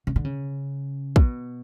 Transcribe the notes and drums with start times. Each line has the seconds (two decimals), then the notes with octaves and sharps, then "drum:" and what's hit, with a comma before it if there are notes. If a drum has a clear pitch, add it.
0.07 C#3
0.16 D3
0.25 C#3
1.16 B2, drum: kick